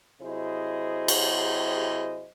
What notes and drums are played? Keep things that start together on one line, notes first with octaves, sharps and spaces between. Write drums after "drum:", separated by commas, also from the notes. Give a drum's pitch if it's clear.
C3 F#3 E4 G#4 C5 D#5
drum: cymbal